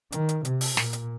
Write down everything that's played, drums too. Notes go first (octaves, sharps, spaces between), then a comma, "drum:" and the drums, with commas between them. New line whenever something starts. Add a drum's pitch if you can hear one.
D#3, drum: hi-hat
drum: hi-hat
C3, drum: hi-hat
drum: open hi-hat
A#2, drum: snare
drum: hi-hat